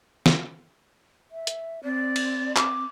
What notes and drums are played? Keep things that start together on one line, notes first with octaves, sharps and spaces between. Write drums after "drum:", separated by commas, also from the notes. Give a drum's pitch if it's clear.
drum: snare
E5
drum: hi-hat
C4 D5
drum: cymbal
D6, drum: clap